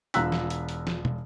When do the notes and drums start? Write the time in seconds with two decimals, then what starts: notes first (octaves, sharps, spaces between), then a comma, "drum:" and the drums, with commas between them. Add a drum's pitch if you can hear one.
0.14 E1 F4 A#5 E6 F#6 B6, drum: hi-hat
0.32 drum: snare
0.50 drum: hi-hat
0.69 drum: hi-hat
0.87 drum: snare
1.05 drum: tom